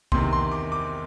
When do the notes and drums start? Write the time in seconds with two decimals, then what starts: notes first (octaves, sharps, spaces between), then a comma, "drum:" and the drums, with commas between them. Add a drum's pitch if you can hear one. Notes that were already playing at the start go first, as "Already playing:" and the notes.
0.12 E2 C3 D#3 C6, drum: kick B1
0.33 C6
0.52 D6
0.72 D6